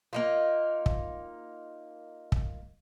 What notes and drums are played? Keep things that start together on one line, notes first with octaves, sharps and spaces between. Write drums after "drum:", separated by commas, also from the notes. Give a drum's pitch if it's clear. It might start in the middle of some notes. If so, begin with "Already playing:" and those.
A#3 D#4 F4
drum: kick
drum: kick